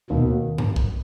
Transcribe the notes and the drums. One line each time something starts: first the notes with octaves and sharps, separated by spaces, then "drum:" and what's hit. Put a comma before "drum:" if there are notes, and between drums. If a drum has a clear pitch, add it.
D#2 B2
drum: tom G2
drum: kick B1